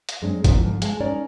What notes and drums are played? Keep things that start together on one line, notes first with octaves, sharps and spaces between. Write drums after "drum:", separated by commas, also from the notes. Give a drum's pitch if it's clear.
drum: hi-hat
F#2 G#3 C4 D4
E3 F3 B3 C4 D4 A#4, drum: kick, hi-hat
G#2 D3 F3
G#3 F#5 A5, drum: hi-hat
C#4 D#4 A#4 C#5 D5